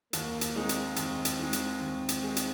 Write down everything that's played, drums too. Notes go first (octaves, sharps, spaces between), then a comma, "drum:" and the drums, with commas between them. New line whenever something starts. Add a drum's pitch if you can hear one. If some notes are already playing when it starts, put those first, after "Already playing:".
D#2 A#3, drum: hi-hat
drum: hi-hat
D#3 G#3 C4 D#4 G#4
drum: hi-hat
D#2, drum: hi-hat
drum: hi-hat
D#3 G#3 D#4 G#4
drum: hi-hat
D#2
drum: hi-hat
D#3 G#3 D#4 G#4
drum: hi-hat